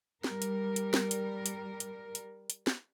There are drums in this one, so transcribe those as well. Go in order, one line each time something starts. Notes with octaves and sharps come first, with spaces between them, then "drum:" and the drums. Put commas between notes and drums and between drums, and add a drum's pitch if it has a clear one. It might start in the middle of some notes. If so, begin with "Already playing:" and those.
G3 A#4, drum: snare
drum: hi-hat
drum: hi-hat
drum: snare
drum: hi-hat
drum: hi-hat
drum: hi-hat
drum: hi-hat
drum: hi-hat
drum: snare